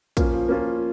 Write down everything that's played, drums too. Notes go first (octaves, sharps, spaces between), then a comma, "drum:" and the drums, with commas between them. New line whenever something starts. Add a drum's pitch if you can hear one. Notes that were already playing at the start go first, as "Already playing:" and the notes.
F3 A#3 C#4 F4, drum: kick, hi-hat
F3
A#3 C#4 F4